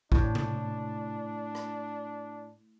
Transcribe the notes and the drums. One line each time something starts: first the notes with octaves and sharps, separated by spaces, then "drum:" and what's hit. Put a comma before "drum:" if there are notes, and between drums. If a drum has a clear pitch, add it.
A2 D4, drum: kick G#1
drum: tom C3
drum: rim click